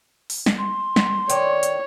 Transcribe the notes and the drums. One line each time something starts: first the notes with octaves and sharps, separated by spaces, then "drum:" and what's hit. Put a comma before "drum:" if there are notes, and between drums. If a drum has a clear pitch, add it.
drum: open hi-hat
drum: snare
C6
drum: snare
D#3 C#5 D5, drum: hi-hat
drum: hi-hat